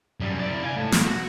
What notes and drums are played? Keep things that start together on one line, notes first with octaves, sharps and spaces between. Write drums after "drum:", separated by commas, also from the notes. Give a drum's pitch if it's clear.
F#2 G3
E4 D5
F5 G#5
A2 A3
A#3, drum: snare
F#4